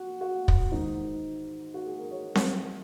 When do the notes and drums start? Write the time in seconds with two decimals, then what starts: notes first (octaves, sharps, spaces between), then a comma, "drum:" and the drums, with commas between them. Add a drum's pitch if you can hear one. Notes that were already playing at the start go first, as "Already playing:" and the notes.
Already playing: F#4
0.21 F#4
0.48 drum: kick
0.72 G#2 D#3 D#4
1.74 F#4
1.86 G#4
1.99 A#4
2.11 C#5
2.35 drum: snare C4